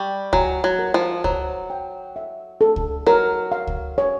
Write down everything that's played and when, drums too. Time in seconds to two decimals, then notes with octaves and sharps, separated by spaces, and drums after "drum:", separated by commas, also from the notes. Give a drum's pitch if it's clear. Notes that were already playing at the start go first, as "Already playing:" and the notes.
Already playing: G3 C#6
0.33 F#3 G#5, drum: kick C#2
0.64 F#3
0.79 A#4
0.94 F3
1.24 F#3 C5, drum: kick C#2
1.70 G5
2.16 E5
2.61 A4
2.76 drum: kick C#2
3.06 F#3 A#4
3.52 F5
3.67 drum: kick C#2
3.98 C#5